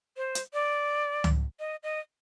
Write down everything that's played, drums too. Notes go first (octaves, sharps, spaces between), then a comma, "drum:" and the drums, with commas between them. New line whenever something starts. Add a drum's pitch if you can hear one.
C5
drum: hi-hat
D5
drum: tom C#2
D#5
D#5